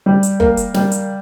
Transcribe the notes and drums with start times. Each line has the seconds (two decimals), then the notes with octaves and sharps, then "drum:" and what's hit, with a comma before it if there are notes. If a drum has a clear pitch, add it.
0.06 G3
0.23 drum: hi-hat
0.40 A#3, drum: kick
0.57 drum: hi-hat
0.74 G3, drum: snare
0.92 drum: hi-hat